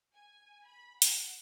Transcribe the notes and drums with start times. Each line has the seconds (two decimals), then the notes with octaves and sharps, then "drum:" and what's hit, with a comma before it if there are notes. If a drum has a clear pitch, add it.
0.14 G#5
0.68 B5
1.02 F#5, drum: hi-hat